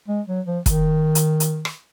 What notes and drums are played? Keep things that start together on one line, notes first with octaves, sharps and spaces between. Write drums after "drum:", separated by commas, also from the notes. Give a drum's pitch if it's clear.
G#3
F#3
F3
D#3, drum: kick, hi-hat
drum: hi-hat
drum: hi-hat
drum: rim click